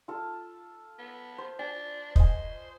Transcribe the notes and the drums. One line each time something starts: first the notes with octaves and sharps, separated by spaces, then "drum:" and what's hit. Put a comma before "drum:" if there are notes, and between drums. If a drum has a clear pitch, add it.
F4 A4
B3
C5
D4 G#5
C5 D#5 G#5, drum: kick